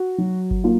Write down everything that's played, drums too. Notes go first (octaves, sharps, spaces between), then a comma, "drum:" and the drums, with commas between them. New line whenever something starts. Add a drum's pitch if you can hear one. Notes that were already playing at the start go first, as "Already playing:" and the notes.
Already playing: F#4
F#3
drum: kick G1
A#3 F4